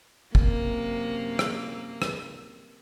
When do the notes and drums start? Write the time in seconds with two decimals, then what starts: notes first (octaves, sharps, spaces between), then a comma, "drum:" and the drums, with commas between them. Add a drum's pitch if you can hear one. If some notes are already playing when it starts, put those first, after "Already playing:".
0.35 F#2 C3 A#3, drum: kick
1.39 drum: rim click
2.02 drum: rim click